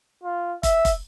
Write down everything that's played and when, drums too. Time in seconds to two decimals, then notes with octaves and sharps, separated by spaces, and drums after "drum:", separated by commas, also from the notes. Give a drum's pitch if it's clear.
0.23 F4
0.63 E5, drum: kick, hi-hat
0.85 drum: kick, hi-hat